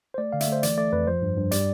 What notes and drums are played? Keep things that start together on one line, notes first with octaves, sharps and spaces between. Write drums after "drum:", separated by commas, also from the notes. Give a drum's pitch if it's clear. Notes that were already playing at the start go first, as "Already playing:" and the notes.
C5
A3 D5
D3 F5
E5, drum: hi-hat
A3 C5
E3 D5, drum: hi-hat
A3 D5
F2 B4
F3 C5
G2
G2
G3 D5, drum: hi-hat